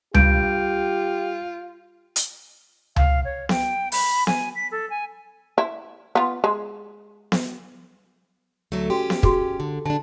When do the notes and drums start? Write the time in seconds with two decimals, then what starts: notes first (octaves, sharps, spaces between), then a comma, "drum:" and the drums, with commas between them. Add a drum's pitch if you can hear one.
0.14 G2 F4 G4 G6 D7, drum: tom C#2
2.16 drum: hi-hat
2.96 F5, drum: tom C#2
3.25 C#5
3.49 G5, drum: snare B3
3.92 B5, drum: open hi-hat
4.27 G#5, drum: snare B3
4.55 B6
4.71 A4
4.90 G#5
5.58 E4
6.15 B3 F4
6.44 G#3
7.32 drum: snare B3
8.72 D2 F#3 A3
8.90 C#4 F#4 G4 G5
9.10 drum: snare B3
9.23 F#4 G#4, drum: kick
9.60 D3
9.86 D3 D4 A5